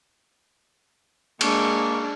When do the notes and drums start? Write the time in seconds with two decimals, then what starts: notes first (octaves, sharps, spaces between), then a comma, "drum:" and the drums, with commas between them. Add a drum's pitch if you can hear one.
1.41 G#3 A#3 D4 C#6, drum: cymbal